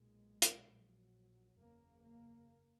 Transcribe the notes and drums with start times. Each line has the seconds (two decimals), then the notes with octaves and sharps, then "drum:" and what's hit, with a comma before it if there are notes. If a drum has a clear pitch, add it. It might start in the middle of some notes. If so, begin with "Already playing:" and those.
Already playing: B1 A#2 G#3
0.42 drum: hi-hat
0.69 A#1 A#2 F#3
1.58 F#1 E2 C#3 A#3
2.02 A#3